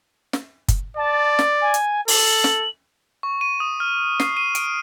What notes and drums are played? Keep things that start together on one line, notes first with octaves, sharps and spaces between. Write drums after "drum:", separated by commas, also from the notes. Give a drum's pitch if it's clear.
drum: snare
drum: kick F#1, hi-hat
D5 A5
drum: snare
G#5
drum: hi-hat
A4 F#7, drum: open hi-hat
drum: snare
C#6
D#7
D#6
F6
C7, drum: snare
D#7
D7, drum: hi-hat